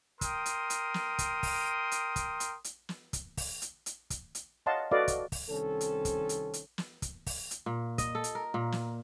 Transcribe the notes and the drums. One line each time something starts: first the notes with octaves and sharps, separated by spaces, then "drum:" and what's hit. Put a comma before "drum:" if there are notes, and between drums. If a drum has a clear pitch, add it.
A#4 G5 C6 D#6, drum: kick, hi-hat
drum: hi-hat
drum: hi-hat
drum: snare
drum: kick, hi-hat
drum: kick, open hi-hat
drum: hi-hat
drum: kick, hi-hat
drum: hi-hat
drum: hi-hat
drum: snare
drum: kick, hi-hat
drum: kick, open hi-hat
drum: hi-hat
drum: hi-hat
drum: kick, hi-hat
drum: hi-hat
C#5 D#5 F5 F#5 A5 C6
F#4 A4 B4 D5 D#5 F5
drum: kick, hi-hat
drum: kick, open hi-hat
C2 D#3 C4 C#4 A4
drum: hi-hat
drum: kick, hi-hat
drum: hi-hat
drum: hi-hat
drum: snare
drum: kick, hi-hat
drum: kick, open hi-hat
drum: hi-hat
A#2
D#5, drum: kick, hi-hat
A4
drum: hi-hat
A#4
A#2
drum: snare